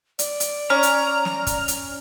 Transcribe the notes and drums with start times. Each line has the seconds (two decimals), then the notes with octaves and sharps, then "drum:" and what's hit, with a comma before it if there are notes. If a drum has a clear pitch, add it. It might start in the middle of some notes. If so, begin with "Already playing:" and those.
0.19 D5, drum: hi-hat
0.40 drum: hi-hat
0.70 C#4 A#5 F6
0.83 drum: hi-hat
1.25 drum: snare
1.47 drum: kick, hi-hat
1.68 drum: hi-hat